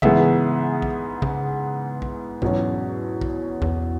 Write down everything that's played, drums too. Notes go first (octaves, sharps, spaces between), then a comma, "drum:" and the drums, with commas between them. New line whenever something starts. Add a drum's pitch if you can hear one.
G#2 C#3 E3 B3 G#4 E5, drum: kick
drum: kick
C#3, drum: kick
drum: kick
E2 G#2 B2 F#3 C#4, drum: kick
drum: kick
E2, drum: kick